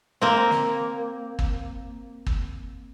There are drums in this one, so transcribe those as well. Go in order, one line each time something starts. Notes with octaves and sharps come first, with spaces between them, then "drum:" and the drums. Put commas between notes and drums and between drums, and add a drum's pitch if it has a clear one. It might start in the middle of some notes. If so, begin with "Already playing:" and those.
A#3 C4
drum: snare
drum: kick
drum: kick